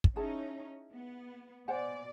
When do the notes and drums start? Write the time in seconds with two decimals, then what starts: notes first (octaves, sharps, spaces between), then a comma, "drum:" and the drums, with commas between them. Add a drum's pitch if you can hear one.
0.04 drum: kick
0.16 C#4 D#4 E4 G#4 A5
0.92 B3
1.68 B2 C5 D5 F#5 G#5